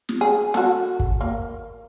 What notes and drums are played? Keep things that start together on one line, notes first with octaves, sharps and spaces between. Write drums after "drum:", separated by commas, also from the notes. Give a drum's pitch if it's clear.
drum: snare
G#4
F#4 A4, drum: snare
drum: kick
A#3